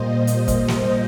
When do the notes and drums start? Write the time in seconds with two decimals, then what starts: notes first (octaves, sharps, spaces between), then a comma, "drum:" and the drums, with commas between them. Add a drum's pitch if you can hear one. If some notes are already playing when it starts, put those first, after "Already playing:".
Already playing: A#2 G3 A#3 C5 D#5
0.27 drum: hi-hat
0.48 drum: kick, hi-hat
0.68 drum: snare